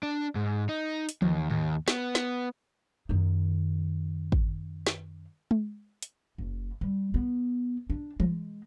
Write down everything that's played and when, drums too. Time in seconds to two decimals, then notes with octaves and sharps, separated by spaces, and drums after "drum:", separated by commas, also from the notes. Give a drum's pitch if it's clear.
0.03 D4
0.35 G#2
0.69 D#4
1.09 drum: hi-hat
1.22 D#2, drum: tom E3
1.50 D#2, drum: tom G#2
1.88 B3, drum: snare
2.15 drum: snare
3.09 F#2 D#3
4.32 drum: kick G#1
4.87 drum: snare
5.51 drum: tom G#3
6.02 drum: hi-hat
6.38 F#1
6.81 G3
7.14 B3
7.90 D4
8.20 G#3, drum: tom E3